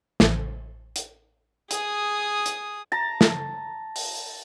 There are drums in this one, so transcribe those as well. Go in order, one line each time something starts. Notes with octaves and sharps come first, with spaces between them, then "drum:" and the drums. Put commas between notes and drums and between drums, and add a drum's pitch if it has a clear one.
A1, drum: snare
drum: hi-hat
G#4 D#6, drum: hi-hat
drum: hi-hat
A5 A#5
drum: snare
drum: open hi-hat